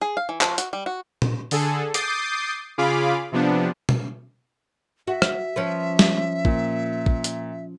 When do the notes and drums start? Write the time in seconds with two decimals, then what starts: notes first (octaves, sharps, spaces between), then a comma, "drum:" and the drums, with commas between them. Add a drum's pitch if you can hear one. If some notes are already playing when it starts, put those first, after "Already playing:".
0.01 G#4
0.17 F5
0.29 E3
0.41 F3, drum: clap
0.58 F#4, drum: hi-hat
0.73 G3
0.86 F#4
1.22 drum: tom A#2
1.51 D3 G#4 A4, drum: open hi-hat
1.94 D6 D#6 G6 A6 C7, drum: hi-hat
2.78 C#3 F4 G#4 F5 B5 D6
3.32 C3 F3 B3 D4
3.89 drum: tom
5.07 F#4 E5
5.22 drum: rim click
5.56 F3 C#4 B4
5.99 drum: snare G3
6.45 A#2, drum: kick
7.06 drum: kick
7.24 drum: hi-hat